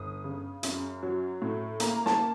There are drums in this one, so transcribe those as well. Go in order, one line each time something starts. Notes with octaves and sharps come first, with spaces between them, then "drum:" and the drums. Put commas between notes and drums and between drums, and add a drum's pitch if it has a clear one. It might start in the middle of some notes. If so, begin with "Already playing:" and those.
Already playing: G1 D#6
C#3
F#2, drum: hi-hat
F#3
A2
A#3 A#5, drum: hi-hat
A5, drum: snare